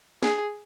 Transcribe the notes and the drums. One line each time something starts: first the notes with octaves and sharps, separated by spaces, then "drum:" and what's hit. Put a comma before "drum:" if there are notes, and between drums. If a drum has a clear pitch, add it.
G#4, drum: snare